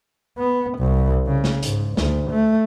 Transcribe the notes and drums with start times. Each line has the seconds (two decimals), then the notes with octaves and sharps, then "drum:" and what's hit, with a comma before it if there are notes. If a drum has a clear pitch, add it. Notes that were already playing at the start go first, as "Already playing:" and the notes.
0.39 B3
0.78 C2
1.27 C#3
1.44 drum: snare
1.63 G#2, drum: hi-hat
1.97 D2, drum: snare
2.31 A3